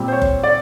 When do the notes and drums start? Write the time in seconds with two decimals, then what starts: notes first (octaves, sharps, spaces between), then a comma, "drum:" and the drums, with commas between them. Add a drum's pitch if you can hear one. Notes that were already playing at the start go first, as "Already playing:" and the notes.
Already playing: A#2 G3 C4
0.08 C5
0.13 C#5
0.22 drum: kick F#1
0.44 D5